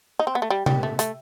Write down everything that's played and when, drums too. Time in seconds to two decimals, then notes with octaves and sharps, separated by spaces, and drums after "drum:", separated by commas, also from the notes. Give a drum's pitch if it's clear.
0.19 D#4
0.27 C4
0.35 B3
0.42 A3
0.50 G3
0.66 G3, drum: tom C3
0.83 A3
0.99 A3, drum: hi-hat